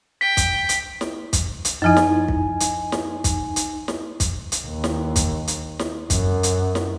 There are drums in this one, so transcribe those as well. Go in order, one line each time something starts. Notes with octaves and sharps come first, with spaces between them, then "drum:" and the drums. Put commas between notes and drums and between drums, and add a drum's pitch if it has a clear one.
G5 B6
drum: kick, hi-hat
drum: hi-hat
drum: snare
drum: kick, hi-hat
drum: hi-hat
F#2 F3 D#4 E4 G#5
drum: snare
drum: kick
drum: hi-hat
drum: snare
drum: kick, hi-hat
drum: hi-hat
drum: snare
drum: kick, hi-hat
drum: hi-hat
D#2
drum: snare
drum: kick, hi-hat
drum: hi-hat
drum: snare
F#2, drum: kick, hi-hat
drum: hi-hat
drum: snare